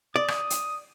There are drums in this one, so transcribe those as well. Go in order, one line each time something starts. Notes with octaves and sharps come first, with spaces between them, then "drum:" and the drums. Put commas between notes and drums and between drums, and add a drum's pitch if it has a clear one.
D5 D#6
drum: rim click
drum: hi-hat